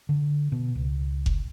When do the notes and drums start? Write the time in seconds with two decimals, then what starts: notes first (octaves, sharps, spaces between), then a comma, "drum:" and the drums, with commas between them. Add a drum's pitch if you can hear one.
0.09 D3
0.52 B2
0.75 C#2
1.26 drum: kick F#1